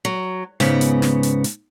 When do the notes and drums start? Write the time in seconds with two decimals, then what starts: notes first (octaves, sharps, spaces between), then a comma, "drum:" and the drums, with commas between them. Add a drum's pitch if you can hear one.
0.05 F#3
0.60 G#2 C#3 B3, drum: snare
0.81 drum: hi-hat
1.02 drum: snare
1.23 drum: hi-hat
1.44 drum: hi-hat